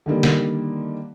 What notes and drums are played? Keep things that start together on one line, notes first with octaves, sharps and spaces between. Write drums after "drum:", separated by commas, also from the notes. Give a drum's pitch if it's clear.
D3 D#3 G3 A#3
drum: snare